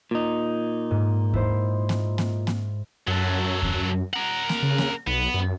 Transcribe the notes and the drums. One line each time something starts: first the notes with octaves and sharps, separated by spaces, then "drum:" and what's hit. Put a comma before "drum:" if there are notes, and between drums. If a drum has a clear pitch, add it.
A#2 D#4
G#2
E4 C5, drum: kick D#2
drum: snare A#3
drum: snare A#3
drum: snare A#3
F#2 F#3 A4
drum: kick D#2
A#4 F#5
drum: snare A#3
C#3
drum: snare A#3
B1 B3
F#2